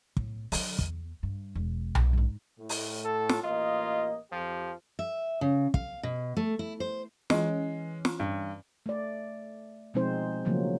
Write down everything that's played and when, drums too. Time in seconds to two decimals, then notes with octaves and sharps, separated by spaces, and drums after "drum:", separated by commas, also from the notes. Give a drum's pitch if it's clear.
0.17 A2, drum: kick
0.52 D3 F#3, drum: open hi-hat
0.79 E2, drum: kick
1.23 G2
1.55 E1
1.95 drum: tom B1
2.13 G#2 D#4
2.59 A2
2.69 drum: open hi-hat
3.05 A4
3.29 drum: snare
3.43 A1 A#3 F4 D#5
4.32 F2 F3 G4
4.99 E5
5.41 C#3
5.74 F5, drum: kick
6.03 B2
6.37 A3
6.59 E4
6.80 C5
7.30 E3 G#3 C#4, drum: snare
8.05 drum: snare
8.20 G2
8.86 A3 D5
9.94 B2 F3 G#3 C4 D#4 C5
10.45 C#3 F3 F#3 A3 A#3